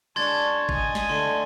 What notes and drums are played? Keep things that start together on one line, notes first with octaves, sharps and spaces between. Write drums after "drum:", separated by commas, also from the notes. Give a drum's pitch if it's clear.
G#3 D4 C#5 A5 C6 G#6 A6
D#5 G#5, drum: kick G1
drum: snare
D3 A3 C6